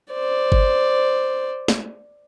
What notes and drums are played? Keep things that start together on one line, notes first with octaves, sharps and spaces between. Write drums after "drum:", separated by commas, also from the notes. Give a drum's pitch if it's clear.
C5 D5
drum: kick G1
drum: snare